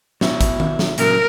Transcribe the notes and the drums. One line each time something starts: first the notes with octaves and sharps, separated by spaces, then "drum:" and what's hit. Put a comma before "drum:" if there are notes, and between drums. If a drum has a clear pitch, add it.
B2 E4, drum: snare
drum: kick, hi-hat
drum: tom D#3
drum: snare
A#2 C#3 F#3 A#4, drum: hi-hat